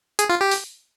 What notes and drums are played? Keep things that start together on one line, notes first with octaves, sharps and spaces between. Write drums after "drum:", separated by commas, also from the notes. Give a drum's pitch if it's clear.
G#4, drum: hi-hat
F4
G4
drum: open hi-hat